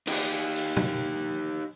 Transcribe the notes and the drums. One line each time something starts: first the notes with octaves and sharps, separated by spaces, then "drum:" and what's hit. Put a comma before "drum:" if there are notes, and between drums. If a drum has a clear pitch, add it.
D#4 G4, drum: cymbal
drum: open hi-hat
drum: tom B2